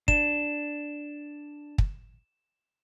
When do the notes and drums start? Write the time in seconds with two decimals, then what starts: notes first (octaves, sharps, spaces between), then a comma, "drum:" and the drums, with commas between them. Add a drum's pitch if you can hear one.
0.08 D4 E7, drum: kick
1.78 drum: kick